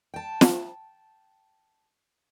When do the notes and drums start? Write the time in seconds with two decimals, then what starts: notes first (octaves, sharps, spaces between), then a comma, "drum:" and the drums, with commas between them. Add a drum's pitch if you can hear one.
0.14 G5 A5
0.41 drum: snare